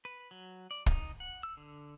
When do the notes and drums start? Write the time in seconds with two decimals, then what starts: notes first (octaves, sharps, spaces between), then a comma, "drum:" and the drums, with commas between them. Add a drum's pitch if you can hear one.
0.05 B4
0.31 F#3
0.71 D5
0.86 D#4, drum: kick
1.20 F#5
1.43 E6
1.57 D3